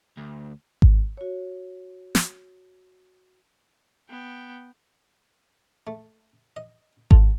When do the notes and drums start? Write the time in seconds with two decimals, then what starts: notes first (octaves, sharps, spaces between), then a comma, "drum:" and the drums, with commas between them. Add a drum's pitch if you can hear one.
0.17 D2
0.82 drum: kick G#1
1.17 F#4 C#5
2.15 drum: snare
4.10 B3 G5
5.87 A3
6.56 D#5
7.11 F4 A4, drum: kick G#1